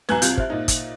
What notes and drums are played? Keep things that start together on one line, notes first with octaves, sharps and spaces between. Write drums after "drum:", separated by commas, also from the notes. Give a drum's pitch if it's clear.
B1 B4 G#5 A#5 F#6 G#6, drum: snare
C2 C3 F4 G6, drum: hi-hat
C5 E5, drum: kick
A#2 D#4
drum: kick, hi-hat